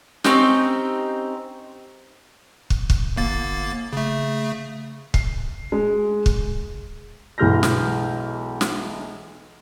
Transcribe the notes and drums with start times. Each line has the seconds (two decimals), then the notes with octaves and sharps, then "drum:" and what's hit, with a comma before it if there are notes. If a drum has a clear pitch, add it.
0.24 C4 C#4 D#4 G4, drum: snare
2.70 drum: kick
2.90 drum: kick
3.17 G1 A#3 A6
3.93 C#3 A3
5.14 C7, drum: kick
5.72 G#3
6.26 drum: kick
7.38 B1 E3 G#3 F6 G6 A#6
7.63 drum: snare
8.61 drum: snare